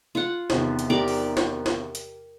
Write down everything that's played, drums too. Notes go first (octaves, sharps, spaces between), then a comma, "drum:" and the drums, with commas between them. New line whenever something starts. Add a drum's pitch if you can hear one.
F4 F#5
E2 C3 D#3, drum: snare
drum: hi-hat
G4 A#4 D5
drum: open hi-hat
drum: snare
drum: snare
drum: hi-hat